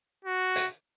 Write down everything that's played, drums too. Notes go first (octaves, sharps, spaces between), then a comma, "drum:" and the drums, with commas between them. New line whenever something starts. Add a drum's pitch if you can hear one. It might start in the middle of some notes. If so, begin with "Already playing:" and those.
F#4
drum: hi-hat